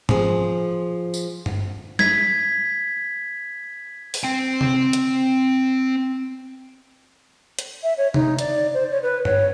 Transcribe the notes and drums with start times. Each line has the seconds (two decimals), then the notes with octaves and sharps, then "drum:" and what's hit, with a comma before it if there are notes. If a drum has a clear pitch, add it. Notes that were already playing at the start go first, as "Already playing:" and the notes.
0.09 F3 G#4, drum: tom G#2
1.14 drum: tambourine
1.46 drum: tom G2
1.99 G#6 B6, drum: snare G3
4.14 drum: open hi-hat
4.24 C4 G5
4.61 drum: tom C3
4.93 drum: hi-hat
7.59 drum: hi-hat
7.83 E5
7.98 C#5
8.14 D#4, drum: tom C3
8.39 D5, drum: hi-hat
8.74 C5
8.91 C#5
9.03 B4
9.25 C#5, drum: tom G2